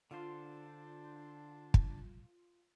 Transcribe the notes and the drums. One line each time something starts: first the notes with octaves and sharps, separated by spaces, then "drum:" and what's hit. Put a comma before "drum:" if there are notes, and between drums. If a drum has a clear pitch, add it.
D3 D4 F4 C5
drum: kick